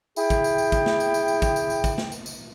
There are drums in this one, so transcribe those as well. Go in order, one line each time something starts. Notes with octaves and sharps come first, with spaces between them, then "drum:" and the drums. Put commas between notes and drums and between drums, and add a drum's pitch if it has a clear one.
E4 G#4 G5, drum: tambourine
drum: kick, tambourine
drum: tambourine
drum: tambourine
drum: kick, tambourine
drum: snare
drum: tambourine
drum: tambourine
drum: tambourine
drum: kick, tambourine
drum: tambourine
drum: tambourine
drum: kick, tambourine
drum: snare
drum: tambourine
drum: tambourine